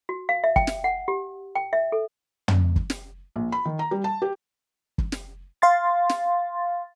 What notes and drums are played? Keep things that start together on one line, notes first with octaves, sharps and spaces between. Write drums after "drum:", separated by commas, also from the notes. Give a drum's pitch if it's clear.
F#4
F5
E5
G5, drum: kick
drum: snare
F#5
G4
G5
E5
A4
drum: tom
drum: kick
drum: snare
A#1
B5
D#3
A#5
G3
A5
G4
drum: kick
drum: snare
F5 C6 A6
drum: snare